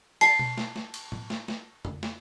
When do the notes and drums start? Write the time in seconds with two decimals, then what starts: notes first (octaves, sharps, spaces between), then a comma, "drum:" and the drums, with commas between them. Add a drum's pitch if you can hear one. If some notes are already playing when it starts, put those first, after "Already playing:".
0.21 A5 C7, drum: cymbal
0.39 drum: tom B2
0.58 drum: snare
0.76 drum: snare
0.94 drum: cymbal
1.12 drum: tom A2
1.30 drum: snare
1.48 drum: snare
1.85 drum: tom F2
2.03 drum: snare